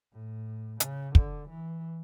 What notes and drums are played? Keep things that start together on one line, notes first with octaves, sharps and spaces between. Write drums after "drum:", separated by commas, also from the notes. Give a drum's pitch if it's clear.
A2
C#3, drum: hi-hat
D3, drum: kick
E3